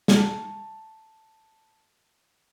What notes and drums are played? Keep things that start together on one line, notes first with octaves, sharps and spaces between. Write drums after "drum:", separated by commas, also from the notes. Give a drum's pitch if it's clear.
A5 A#5 C#6, drum: snare